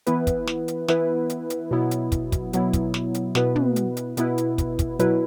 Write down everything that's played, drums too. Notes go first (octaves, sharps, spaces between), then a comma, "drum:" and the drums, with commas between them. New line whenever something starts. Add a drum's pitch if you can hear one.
E3 B3 E4 B4, drum: hi-hat
drum: kick, hi-hat
drum: snare
drum: hi-hat
E3 B3 E4 B4, drum: snare
drum: hi-hat
drum: hi-hat
B2 F#3 B3 E4
drum: hi-hat
drum: kick, hi-hat
drum: kick, hi-hat
B2 F#3 B3 E4, drum: hi-hat
drum: kick, hi-hat
drum: snare
drum: hi-hat
B2 B3 E4 B4, drum: snare
drum: tom
drum: hi-hat
drum: hi-hat
B2 B3 E4 B4, drum: hi-hat
drum: hi-hat
drum: kick, hi-hat
drum: kick, hi-hat
B2 F#3 E4 B4, drum: hi-hat